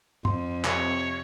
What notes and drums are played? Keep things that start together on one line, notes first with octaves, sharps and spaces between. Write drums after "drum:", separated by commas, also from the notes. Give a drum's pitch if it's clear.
F2 C6, drum: tom G2
C3 C#5, drum: clap